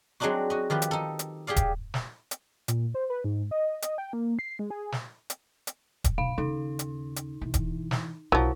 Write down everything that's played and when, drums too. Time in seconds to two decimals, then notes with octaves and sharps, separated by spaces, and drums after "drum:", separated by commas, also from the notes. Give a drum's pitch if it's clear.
0.20 F#3 G#3 C4 D4 D#4 F#4
0.50 F#4 D#5
0.70 D#3 F3 G4 B4
0.82 drum: hi-hat
0.91 D#4 A4
1.19 drum: hi-hat
1.47 G4 G#4 D5 F5
1.56 drum: kick D#1, hi-hat
1.94 drum: snare
2.31 drum: hi-hat
2.68 A#2, drum: hi-hat
2.94 C5
3.10 B4
3.24 G#2
3.51 D#5
3.82 D#5, drum: hi-hat
3.98 G5
4.13 A#3
4.39 C7
4.59 G#3
4.70 G#4
4.92 drum: snare
5.30 drum: hi-hat
5.67 drum: hi-hat
6.04 drum: kick D#1, hi-hat
6.18 B1 F5
6.38 D#2 C#3 D#4
6.79 drum: hi-hat
7.16 drum: hi-hat
7.41 B2 E3
7.54 drum: kick D#1, hi-hat
7.91 drum: snare
8.32 B1 F3 F#3 E4